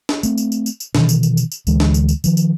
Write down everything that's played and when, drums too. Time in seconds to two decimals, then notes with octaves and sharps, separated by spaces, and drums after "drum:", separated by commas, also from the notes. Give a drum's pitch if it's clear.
0.09 drum: snare
0.23 A3 C4, drum: tambourine
0.38 drum: tambourine
0.52 drum: tambourine
0.66 drum: tambourine
0.80 drum: tambourine
0.95 B2 D#3 E3, drum: snare
1.09 drum: tambourine
1.23 drum: tambourine
1.37 drum: tambourine
1.52 drum: tambourine
1.67 D2 D3 E3 G#3, drum: tambourine
1.80 drum: snare
1.94 drum: tambourine
2.09 drum: tambourine
2.24 D#3 F3, drum: tambourine
2.37 drum: tambourine